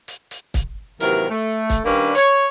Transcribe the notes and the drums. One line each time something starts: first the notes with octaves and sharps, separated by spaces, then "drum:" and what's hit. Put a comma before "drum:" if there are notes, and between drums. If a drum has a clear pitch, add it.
drum: hi-hat
drum: hi-hat
drum: kick, hi-hat
D#2 C3 E3 F#3 A#4, drum: hi-hat
A3
drum: kick, hi-hat
D#3 G3 A#3 C#4 D4 B4
C#5, drum: hi-hat